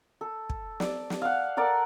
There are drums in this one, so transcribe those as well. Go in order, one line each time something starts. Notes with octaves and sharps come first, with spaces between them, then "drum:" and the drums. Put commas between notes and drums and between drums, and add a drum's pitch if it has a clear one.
A4
drum: kick
D5, drum: snare
drum: snare
F5 F#5
A4 A#4 D5 F#5